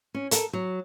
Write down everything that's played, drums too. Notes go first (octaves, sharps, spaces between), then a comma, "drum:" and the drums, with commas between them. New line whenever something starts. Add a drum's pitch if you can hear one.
C#4
A4 A#4, drum: hi-hat
F#3